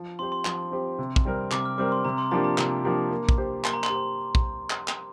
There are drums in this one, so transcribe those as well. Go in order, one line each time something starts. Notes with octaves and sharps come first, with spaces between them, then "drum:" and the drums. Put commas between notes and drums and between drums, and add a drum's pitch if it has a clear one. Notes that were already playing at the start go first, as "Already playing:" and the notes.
Already playing: F3
C4 G4 C5 C6
C6
F3, drum: clap
C4 G4 C5
C3
drum: kick
G3 C4 A#4
C3 D6, drum: clap
F6
G3 C4 A#4 D6
C6
C3 A#5
C6
F3 A#3 D4 G4 A#5
A#5
C3, drum: clap
F3 A#3 D4 G4
A#3
drum: kick
G4 C5
A#3 C6, drum: clap
A#5
C6, drum: clap
G4 C5
drum: kick
drum: clap
drum: clap